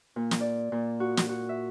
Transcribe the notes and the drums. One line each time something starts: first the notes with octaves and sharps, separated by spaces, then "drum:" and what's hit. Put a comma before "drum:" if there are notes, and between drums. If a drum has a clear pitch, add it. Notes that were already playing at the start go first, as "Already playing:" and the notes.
A#2
drum: snare
D5
A#2
F#4
drum: snare
F#4
E5